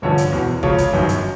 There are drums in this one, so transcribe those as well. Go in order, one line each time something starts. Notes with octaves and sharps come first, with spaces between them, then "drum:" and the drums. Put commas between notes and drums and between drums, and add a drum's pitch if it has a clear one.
G1 G2 D3 F3 C#5
drum: hi-hat
E2 B2
C#2 C#3 F3 C#5, drum: kick
drum: kick, hi-hat
G1 F#2 D#3
drum: hi-hat